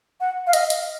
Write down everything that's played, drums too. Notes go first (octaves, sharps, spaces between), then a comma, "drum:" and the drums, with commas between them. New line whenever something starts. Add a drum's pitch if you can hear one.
F#5
F5
D#5, drum: hi-hat
drum: hi-hat